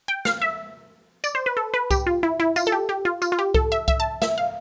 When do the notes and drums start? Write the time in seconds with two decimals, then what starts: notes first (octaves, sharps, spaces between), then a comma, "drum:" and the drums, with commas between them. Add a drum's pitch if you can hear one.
0.08 G5
0.25 F5, drum: snare
0.42 E5
1.24 D5, drum: tambourine
1.35 C5
1.46 B4
1.57 A4
1.74 B4
1.91 G4, drum: kick C2, tambourine
2.07 F4
2.23 E4
2.40 E4
2.56 F4, drum: tambourine
2.67 A4
2.72 G4
2.89 G4
3.05 F4
3.22 F4, drum: tambourine
3.32 F4
3.39 G4
3.54 A4, drum: kick C2
3.72 E5
3.88 E5, drum: kick C2
4.00 A5
4.22 E5, drum: snare
4.38 F5